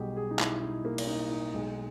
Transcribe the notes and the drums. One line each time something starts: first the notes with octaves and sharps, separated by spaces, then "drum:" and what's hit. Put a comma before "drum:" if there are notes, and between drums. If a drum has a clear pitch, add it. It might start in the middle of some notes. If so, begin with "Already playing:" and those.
Already playing: B1 B2 G3 G4 G#4
G#4
D#4
E4, drum: clap
D#4
A#3
drum: cymbal
D#4
D#4
B1 B2 G#3